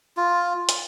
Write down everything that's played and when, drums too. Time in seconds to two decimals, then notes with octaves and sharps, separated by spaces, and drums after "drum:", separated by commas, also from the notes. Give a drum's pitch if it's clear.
0.17 F4
0.69 drum: hi-hat